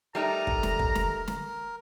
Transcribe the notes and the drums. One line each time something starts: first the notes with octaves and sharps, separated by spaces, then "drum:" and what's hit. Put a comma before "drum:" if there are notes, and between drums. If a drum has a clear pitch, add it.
G3 A3 D#4 A#4 A#5
drum: kick
drum: snare
drum: kick
drum: snare
drum: snare